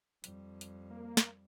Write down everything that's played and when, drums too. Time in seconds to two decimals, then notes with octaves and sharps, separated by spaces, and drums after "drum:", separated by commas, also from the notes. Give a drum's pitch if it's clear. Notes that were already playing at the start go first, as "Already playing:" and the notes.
0.24 F2 G3, drum: hi-hat
0.61 drum: hi-hat
0.91 A#3
1.17 drum: snare